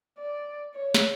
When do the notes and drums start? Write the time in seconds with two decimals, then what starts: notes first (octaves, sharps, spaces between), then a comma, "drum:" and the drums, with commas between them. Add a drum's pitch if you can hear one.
0.18 D5
0.75 C#5
0.94 drum: snare